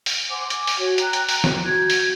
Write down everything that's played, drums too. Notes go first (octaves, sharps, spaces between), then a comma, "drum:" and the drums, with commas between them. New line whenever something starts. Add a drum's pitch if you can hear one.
drum: open hi-hat
C5 F#5 G#5 D6
G#5 D6, drum: hi-hat
drum: open hi-hat
F#4 C#5
G5 A#5 F#6, drum: hi-hat
drum: hi-hat
drum: open hi-hat
drum: snare
F#4 G6 G#6
drum: open hi-hat